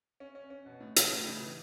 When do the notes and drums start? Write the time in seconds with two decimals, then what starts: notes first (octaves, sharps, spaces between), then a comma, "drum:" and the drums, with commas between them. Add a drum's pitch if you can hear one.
0.20 C#4
0.35 C#4
0.50 C#4
0.66 B2
0.80 A2
0.96 B2, drum: hi-hat
1.11 A2
1.27 C#3
1.42 E3